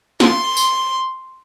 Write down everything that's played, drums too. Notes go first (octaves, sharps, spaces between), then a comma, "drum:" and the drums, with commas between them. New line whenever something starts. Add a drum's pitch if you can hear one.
C6, drum: snare
drum: tambourine